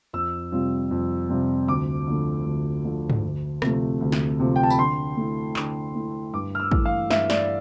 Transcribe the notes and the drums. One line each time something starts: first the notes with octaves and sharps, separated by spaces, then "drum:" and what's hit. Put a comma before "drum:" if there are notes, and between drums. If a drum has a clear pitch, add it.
F2 E6
C3 G3 C4 F4
F2
C3 G3 C4 F4
D2 D6
D3 F3 A3
D2
D3 F3 A3
drum: tom
D2
C3 F3 A3, drum: rim click
D2
drum: snare
C3 F3 A3
G5
A5
B5, drum: tambourine
D3 C6
A3 E4
D3, drum: clap
A3 E4
G2 D6
F6
E6
E3 A3, drum: kick
F5
G2 E5, drum: snare
D5, drum: snare